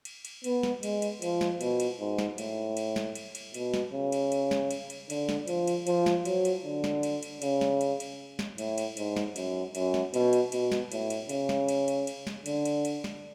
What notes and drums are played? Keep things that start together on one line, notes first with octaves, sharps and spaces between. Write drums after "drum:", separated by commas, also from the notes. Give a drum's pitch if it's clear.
drum: cymbal
drum: cymbal
B3, drum: cymbal
drum: snare
G#3, drum: cymbal
drum: cymbal
F3, drum: cymbal
drum: snare
B2, drum: cymbal
drum: cymbal
G#2
drum: snare
A2, drum: cymbal
drum: cymbal
drum: snare
drum: cymbal
drum: cymbal
B2, drum: cymbal
drum: snare
C#3
drum: cymbal
drum: cymbal
drum: snare
drum: cymbal
drum: cymbal
D3, drum: cymbal
drum: snare
F3, drum: cymbal
drum: cymbal
F3, drum: cymbal
drum: snare
F#3, drum: cymbal
drum: cymbal
D3
drum: snare
drum: cymbal
drum: cymbal
C#3, drum: cymbal
drum: snare
drum: cymbal
drum: cymbal
drum: snare
A2, drum: cymbal
drum: cymbal
G#2, drum: cymbal
drum: snare
F#2, drum: cymbal
F#2, drum: cymbal
drum: snare
B2, drum: cymbal
drum: cymbal
B2, drum: cymbal
drum: snare
A2, drum: cymbal
drum: cymbal
C#3, drum: cymbal
drum: snare
drum: cymbal
drum: cymbal
drum: cymbal
drum: snare
D3, drum: cymbal
drum: cymbal
drum: cymbal
drum: snare